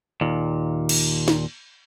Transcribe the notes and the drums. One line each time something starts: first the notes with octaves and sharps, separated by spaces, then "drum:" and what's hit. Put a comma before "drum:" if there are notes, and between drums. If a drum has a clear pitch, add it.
D#2 A#2
drum: cymbal
drum: snare